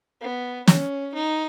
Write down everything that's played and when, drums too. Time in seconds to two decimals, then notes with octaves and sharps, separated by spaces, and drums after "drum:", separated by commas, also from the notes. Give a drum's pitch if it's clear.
0.21 B3
0.67 C#4, drum: snare
1.14 D#4